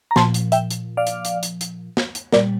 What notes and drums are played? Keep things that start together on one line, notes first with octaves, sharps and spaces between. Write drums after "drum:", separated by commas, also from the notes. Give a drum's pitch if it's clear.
A#5
A#2 F3 A5 C6, drum: snare
drum: hi-hat
E5 G5, drum: hi-hat
drum: hi-hat
D5 F5
drum: hi-hat
drum: hi-hat
drum: hi-hat
drum: hi-hat
drum: snare
drum: hi-hat
A#2 G3 A#4 D5, drum: snare